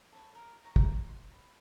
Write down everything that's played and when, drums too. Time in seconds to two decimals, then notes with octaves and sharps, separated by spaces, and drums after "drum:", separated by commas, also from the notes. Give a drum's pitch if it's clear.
0.12 A4 C#5 B5
0.35 A#4
0.63 D#4 C#5 A#5
0.76 drum: kick
1.08 C6
1.31 B5